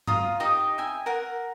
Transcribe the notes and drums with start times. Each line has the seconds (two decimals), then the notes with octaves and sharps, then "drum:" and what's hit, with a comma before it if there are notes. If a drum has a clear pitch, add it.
0.07 F4 F5 A#5 D#6, drum: tom G2
0.40 D#4 G4 D#5 D#6
0.78 E5 G5 G#5
1.06 A#4 F#5